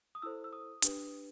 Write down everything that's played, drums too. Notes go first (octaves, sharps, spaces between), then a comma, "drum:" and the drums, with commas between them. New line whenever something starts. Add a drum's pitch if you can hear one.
D#6
E4 A4 C5 E6
E6
D#6
D4 G4 B4, drum: hi-hat